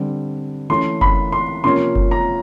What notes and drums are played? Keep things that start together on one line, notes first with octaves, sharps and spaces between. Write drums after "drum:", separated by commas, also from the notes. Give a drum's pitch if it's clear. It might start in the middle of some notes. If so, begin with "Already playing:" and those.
Already playing: D3 G3 C4
E3 A3 C#4 C6
B5, drum: kick F#1
C6
C3 F3 A#3 C#4 C6
drum: kick F#1
A#5